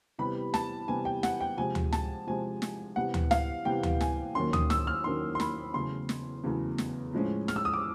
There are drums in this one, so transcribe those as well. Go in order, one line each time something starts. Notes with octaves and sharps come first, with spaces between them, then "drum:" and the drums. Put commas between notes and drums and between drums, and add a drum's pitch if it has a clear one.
C3 E3 G3 B3 B5
A5, drum: snare
C3 E3 G3 B3 G#5
G5
F#5, drum: snare
G5
C3 F3 G#3 G#5
drum: tom D2
A5, drum: snare
C3 F3 G#3 G#5
drum: snare
C3 E3 G3 B3 F#5
drum: tom D2
F5, drum: snare
C3 E3 G3 B3 G5
drum: tom D2
G#5, drum: snare
D#2 D#3 F#3 A#3 C#4 C6
D#6, drum: tom D2
E6, drum: snare
F6
D#2 D#3 F#3 A#3 C#4 C6
C6
B5, drum: snare
E2 C#3 F#3 A3 C6
drum: snare
E2 C#3 F#3 A3
drum: snare
A2 F3 G#3 C#4
F6, drum: snare
E6
D#6
D6